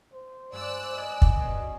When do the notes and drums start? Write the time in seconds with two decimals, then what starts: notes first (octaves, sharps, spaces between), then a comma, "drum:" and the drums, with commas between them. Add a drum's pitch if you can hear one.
0.14 C5
0.52 G2 G#3 D5 E6 F#6
0.96 B4 D#5 G#5
1.22 drum: kick
1.39 B2 C#4 G#4 D5